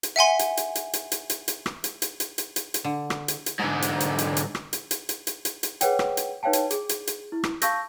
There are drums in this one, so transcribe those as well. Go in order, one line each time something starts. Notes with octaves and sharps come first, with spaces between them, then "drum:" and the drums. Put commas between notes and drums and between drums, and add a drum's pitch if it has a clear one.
drum: hi-hat
E5 F#5 G#5 C6
drum: hi-hat
drum: hi-hat
drum: hi-hat
drum: hi-hat
drum: hi-hat
drum: hi-hat
drum: hi-hat
drum: rim click
drum: hi-hat
drum: hi-hat
drum: hi-hat
drum: hi-hat
drum: hi-hat
drum: hi-hat
D3
drum: rim click
drum: hi-hat
drum: hi-hat
G#2 D3
drum: hi-hat
drum: hi-hat
drum: hi-hat
drum: hi-hat
drum: rim click
drum: hi-hat
drum: hi-hat
drum: hi-hat
drum: hi-hat
drum: hi-hat
drum: hi-hat
G#4 B4 C#5 F#5 G5, drum: hi-hat
drum: rim click
drum: hi-hat
D#4 B4 C#5 F5 G5 A5
drum: hi-hat
G#4, drum: hi-hat
drum: hi-hat
drum: hi-hat
E4
drum: rim click
F5 A5 C#6 E6 G6 A#6, drum: hi-hat